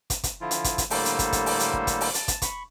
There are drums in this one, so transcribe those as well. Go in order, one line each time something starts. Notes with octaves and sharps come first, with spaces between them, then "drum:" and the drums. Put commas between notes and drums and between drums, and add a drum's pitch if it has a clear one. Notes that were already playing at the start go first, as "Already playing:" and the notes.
drum: kick, hi-hat
drum: kick, hi-hat
D3 F3 E4 F4
drum: hi-hat
drum: kick, hi-hat
drum: kick, hi-hat
A2 D3 G3 A#3 A4 C5, drum: open hi-hat
drum: hi-hat
drum: kick, hi-hat
drum: kick, hi-hat
drum: open hi-hat
drum: hi-hat
drum: kick
drum: kick, hi-hat
drum: open hi-hat
A5, drum: hi-hat
drum: kick, hi-hat
B5 C#6, drum: kick, hi-hat